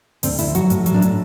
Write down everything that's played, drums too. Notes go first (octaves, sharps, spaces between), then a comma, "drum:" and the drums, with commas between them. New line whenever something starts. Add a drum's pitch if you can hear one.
D2 C4, drum: open hi-hat
D2 E4, drum: hi-hat
F#3 F#4, drum: hi-hat
A2, drum: hi-hat
F#3, drum: hi-hat
D4
A2, drum: hi-hat